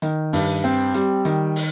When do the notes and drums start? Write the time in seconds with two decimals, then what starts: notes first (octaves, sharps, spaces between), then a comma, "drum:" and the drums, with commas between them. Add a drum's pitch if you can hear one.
0.02 D#3, drum: hi-hat
0.33 G2, drum: open hi-hat
0.64 C4, drum: hi-hat
0.94 G3, drum: hi-hat
1.25 D#3, drum: hi-hat
1.56 drum: open hi-hat